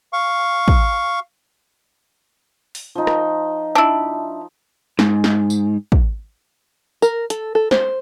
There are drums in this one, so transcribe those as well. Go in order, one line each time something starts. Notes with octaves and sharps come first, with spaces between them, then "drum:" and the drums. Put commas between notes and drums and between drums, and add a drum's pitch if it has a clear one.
F5 C#6
drum: kick
drum: open hi-hat
F3 D#4
drum: rim click
D4 E4
G#2, drum: snare
drum: snare
drum: tambourine
drum: kick
A#4, drum: tambourine
A4, drum: hi-hat
A4
C5, drum: snare